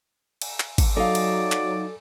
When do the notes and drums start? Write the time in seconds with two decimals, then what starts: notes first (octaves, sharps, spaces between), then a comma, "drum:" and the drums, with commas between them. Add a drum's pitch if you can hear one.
0.42 drum: cymbal
0.60 drum: clap
0.78 drum: kick G#1, cymbal
0.97 F#3 D#4 A4 D5 F5
1.15 drum: cymbal
1.52 drum: clap